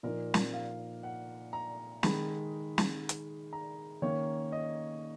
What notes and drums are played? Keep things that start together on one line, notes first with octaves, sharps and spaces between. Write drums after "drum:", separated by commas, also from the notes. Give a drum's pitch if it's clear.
A#2 F3 A#3 D#4 A#4
drum: snare
F5
F#5
A#5
D#3 G#3 D#4 B5, drum: snare
drum: snare
drum: hi-hat
A#5
D#3 A#3 C#4 C#5
D#5